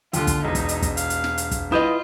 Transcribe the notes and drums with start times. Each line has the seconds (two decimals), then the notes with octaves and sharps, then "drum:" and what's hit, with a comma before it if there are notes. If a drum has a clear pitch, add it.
0.13 D#2 D3 F4, drum: hi-hat
0.27 drum: kick, hi-hat
0.44 E1 D#4
0.55 drum: kick, hi-hat
0.69 drum: hi-hat
0.82 drum: kick, hi-hat
0.97 F5, drum: hi-hat
1.10 drum: hi-hat
1.24 drum: snare
1.38 drum: hi-hat
1.51 drum: kick, hi-hat
1.72 E4 F4 B4 D#5 D#6 G6